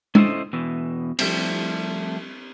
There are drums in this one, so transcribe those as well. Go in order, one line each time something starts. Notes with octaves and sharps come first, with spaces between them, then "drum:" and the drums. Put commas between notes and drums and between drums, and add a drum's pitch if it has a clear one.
C#4 E4 A4 C5 D#5, drum: tom G#3
E2 B2 E3
F3 G3 A3 C4, drum: cymbal